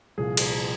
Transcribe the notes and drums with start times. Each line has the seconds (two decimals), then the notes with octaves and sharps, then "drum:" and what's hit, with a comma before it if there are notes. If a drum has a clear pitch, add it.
0.18 C2 A#2 F3 G#4
0.37 drum: cymbal